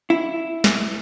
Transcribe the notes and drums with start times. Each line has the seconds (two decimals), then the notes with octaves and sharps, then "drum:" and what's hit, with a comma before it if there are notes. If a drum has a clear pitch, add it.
0.10 E4
0.64 drum: snare